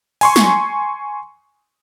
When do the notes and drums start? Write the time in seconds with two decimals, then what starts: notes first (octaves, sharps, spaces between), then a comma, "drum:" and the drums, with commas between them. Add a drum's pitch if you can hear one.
0.21 G#5 C6 C#6, drum: open hi-hat
0.36 drum: snare